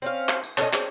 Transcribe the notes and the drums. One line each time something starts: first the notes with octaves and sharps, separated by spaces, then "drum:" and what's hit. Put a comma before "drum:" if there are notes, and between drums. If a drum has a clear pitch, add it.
C4 C#4 F5
drum: clap
drum: tambourine
C#4 A4 C5 D#5, drum: clap
C4 C#4 G#4, drum: clap